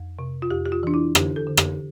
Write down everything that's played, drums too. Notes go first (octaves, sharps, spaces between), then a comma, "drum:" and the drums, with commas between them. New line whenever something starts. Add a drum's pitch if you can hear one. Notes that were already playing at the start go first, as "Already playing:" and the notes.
Already playing: F2
C3
F4
F2 G4
G4
F4
E3 D4
E4
D3 G4, drum: rim click
A4
D3
G4, drum: rim click